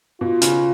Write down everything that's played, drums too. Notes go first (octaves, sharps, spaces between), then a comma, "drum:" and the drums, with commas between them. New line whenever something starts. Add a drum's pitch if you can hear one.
B2 F4
C#3, drum: hi-hat